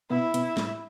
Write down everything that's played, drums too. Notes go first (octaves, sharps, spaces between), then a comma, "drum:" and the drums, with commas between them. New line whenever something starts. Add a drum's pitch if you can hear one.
B2 B3 E4
B2 B3, drum: hi-hat
A2 A3, drum: snare